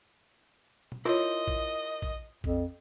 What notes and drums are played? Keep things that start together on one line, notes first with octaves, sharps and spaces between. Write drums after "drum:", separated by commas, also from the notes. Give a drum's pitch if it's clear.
drum: tom B2
E4 F4 A#4 C5 C#5 D#5
drum: kick
drum: kick
F2, drum: kick